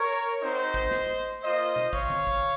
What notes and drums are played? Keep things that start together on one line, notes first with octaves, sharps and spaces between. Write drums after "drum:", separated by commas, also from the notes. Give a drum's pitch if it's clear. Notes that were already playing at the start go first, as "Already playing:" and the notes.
Already playing: A#4 C#5
C4 D#4 F#4 C5 D#5
drum: kick A1
drum: snare
A#3 F4 C5 D#5
drum: tom B2
C#5 F5, drum: kick A1
drum: tom D3
drum: kick A1